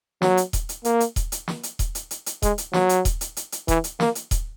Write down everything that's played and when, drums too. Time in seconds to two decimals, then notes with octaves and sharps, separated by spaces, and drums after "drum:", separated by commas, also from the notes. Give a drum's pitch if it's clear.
0.22 F#3, drum: snare
0.37 drum: hi-hat
0.53 drum: kick D#1, hi-hat
0.69 drum: hi-hat
0.85 A#3, drum: hi-hat
1.00 drum: hi-hat
1.16 drum: kick D#1, hi-hat
1.32 drum: hi-hat
1.48 drum: snare
1.63 drum: hi-hat
1.79 drum: kick D#1, hi-hat
1.95 drum: hi-hat
2.11 drum: hi-hat
2.26 drum: hi-hat
2.42 G#3, drum: kick D#1, hi-hat
2.58 drum: hi-hat
2.73 F#3, drum: snare
2.89 drum: hi-hat
3.05 drum: kick D#1, hi-hat
3.21 drum: hi-hat
3.37 drum: hi-hat
3.52 drum: hi-hat
3.68 E3, drum: kick D#1, hi-hat
3.84 drum: hi-hat
4.00 A#3, drum: snare
4.15 drum: hi-hat
4.31 drum: kick D#1, hi-hat